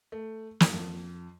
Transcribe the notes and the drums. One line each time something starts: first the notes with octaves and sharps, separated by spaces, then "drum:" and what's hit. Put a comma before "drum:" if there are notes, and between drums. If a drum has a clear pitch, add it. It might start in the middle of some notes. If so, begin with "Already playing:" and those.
A3
F#1, drum: snare
F2